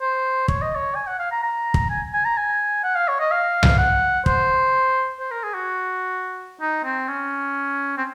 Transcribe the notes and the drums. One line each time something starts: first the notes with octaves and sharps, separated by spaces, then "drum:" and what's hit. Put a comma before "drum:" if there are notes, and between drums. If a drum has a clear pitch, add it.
C5
C#5, drum: kick
D#5
C#5
G#5
F#5
F5
A#5
A#5
drum: kick
G#5
G#5
A#5
G#5
F#5
F5
C#5
D#5
F5
drum: tom C2
F#5
C5, drum: kick
C5
A#4
G#4
F#4
D#4
C4
C#4
C4